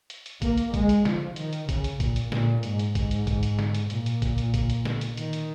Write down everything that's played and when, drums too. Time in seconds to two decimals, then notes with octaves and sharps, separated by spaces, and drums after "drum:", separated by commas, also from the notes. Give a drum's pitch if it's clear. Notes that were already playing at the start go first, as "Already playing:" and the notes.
0.10 drum: hi-hat
0.26 drum: hi-hat
0.42 A#3, drum: kick, hi-hat
0.58 drum: hi-hat
0.74 G#3, drum: kick, hi-hat
0.89 drum: hi-hat
1.05 F3, drum: snare
1.36 D#3, drum: hi-hat
1.53 drum: hi-hat
1.69 C#3, drum: kick, hi-hat
1.84 drum: hi-hat
2.00 A#2, drum: kick, hi-hat
2.16 drum: hi-hat
2.32 A#2, drum: snare
2.63 G#2, drum: hi-hat
2.79 drum: hi-hat
2.95 G#2, drum: kick, hi-hat
3.11 drum: hi-hat
3.27 drum: kick, hi-hat
3.43 drum: hi-hat
3.59 drum: snare
3.75 drum: hi-hat
3.90 A#2, drum: hi-hat
4.06 drum: hi-hat
4.22 drum: kick, hi-hat
4.38 drum: hi-hat
4.54 drum: kick, hi-hat
4.70 drum: hi-hat
4.85 drum: snare
5.01 drum: hi-hat
5.17 D#3, drum: hi-hat
5.33 drum: hi-hat